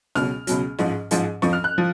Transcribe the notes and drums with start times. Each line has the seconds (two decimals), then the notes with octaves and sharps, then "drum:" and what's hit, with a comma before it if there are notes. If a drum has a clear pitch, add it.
0.15 C#2 B2 F#3 F6, drum: snare
0.47 C#2 B2 F#3, drum: hi-hat
0.78 A1 G#2 F3, drum: snare
1.11 A1 G#2 F3, drum: hi-hat
1.42 F2 F3 C#6, drum: snare
1.53 F6
1.64 F#6
1.78 F3